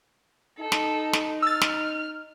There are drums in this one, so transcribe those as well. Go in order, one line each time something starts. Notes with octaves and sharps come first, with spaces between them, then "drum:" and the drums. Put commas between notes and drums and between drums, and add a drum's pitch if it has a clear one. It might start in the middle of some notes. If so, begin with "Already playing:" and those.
D#4 A4
drum: snare
drum: snare
E6 F6 A6
drum: snare